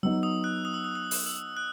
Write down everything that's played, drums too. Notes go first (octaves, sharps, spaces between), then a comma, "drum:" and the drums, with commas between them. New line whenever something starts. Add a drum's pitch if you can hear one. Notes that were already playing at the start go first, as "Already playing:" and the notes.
F#3 B3 D#4 E6
D#6
F#6
D#6
E6
D#6
D#6
drum: open hi-hat
E6
F#6